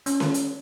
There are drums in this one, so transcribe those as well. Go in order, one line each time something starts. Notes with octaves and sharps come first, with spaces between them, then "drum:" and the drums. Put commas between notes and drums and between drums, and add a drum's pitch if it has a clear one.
C#4, drum: hi-hat
drum: snare C#4
drum: hi-hat